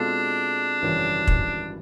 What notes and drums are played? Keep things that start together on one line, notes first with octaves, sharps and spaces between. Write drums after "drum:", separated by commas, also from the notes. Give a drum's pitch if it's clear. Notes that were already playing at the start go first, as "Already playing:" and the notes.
Already playing: B2 G#3 C4 D4 F4 A4
G#1 F#2 C#3 E3 G3
drum: kick